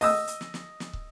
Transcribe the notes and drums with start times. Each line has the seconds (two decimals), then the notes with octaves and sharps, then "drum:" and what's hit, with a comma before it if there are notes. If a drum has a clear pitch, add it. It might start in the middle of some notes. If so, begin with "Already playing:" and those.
0.01 D#5 D#6 E6, drum: open hi-hat
0.27 drum: hi-hat
0.41 drum: snare
0.54 drum: snare
0.80 drum: snare
0.93 drum: kick